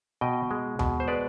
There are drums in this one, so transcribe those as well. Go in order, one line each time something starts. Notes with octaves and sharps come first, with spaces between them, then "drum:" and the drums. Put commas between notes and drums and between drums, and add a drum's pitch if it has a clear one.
B2 D#5 G5
G#3
B2, drum: tom D#2
C5
G#3 B4 D5